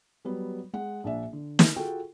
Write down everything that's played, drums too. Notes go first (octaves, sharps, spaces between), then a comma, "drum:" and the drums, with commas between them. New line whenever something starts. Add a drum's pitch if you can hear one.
F#3 G3 B3
G#3 F#5
A#1 D4 E5
D3
drum: snare
F4 F#4 G#4 A4 G5